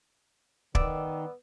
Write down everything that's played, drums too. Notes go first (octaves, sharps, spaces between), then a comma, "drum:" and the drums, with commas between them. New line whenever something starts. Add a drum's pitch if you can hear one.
D#3 B3 D5 D6 E6, drum: kick